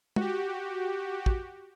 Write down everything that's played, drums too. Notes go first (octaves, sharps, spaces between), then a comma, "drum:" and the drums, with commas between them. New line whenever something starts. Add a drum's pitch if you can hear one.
F#4 G4, drum: tom G#3
drum: kick